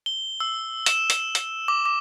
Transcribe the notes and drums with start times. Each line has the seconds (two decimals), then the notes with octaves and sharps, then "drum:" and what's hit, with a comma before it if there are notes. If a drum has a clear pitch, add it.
0.06 G7
0.40 E6
0.86 E7, drum: hi-hat
1.10 drum: hi-hat
1.35 drum: hi-hat
1.68 D6
1.86 D6